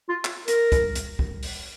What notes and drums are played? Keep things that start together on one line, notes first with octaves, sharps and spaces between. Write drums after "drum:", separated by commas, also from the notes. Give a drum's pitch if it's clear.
F4
drum: clap
A#4, drum: hi-hat
drum: kick, hi-hat
drum: hi-hat
drum: kick
drum: open hi-hat